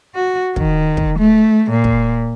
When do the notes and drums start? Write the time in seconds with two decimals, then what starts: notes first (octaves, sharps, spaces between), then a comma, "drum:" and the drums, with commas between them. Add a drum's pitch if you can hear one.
0.15 F#4
0.56 D#3, drum: kick
0.97 drum: kick
1.19 A3
1.71 A#2
1.84 drum: kick